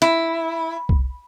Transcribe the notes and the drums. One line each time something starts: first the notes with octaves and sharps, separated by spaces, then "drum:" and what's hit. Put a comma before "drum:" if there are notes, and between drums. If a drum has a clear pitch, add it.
E4, drum: hi-hat
drum: kick C2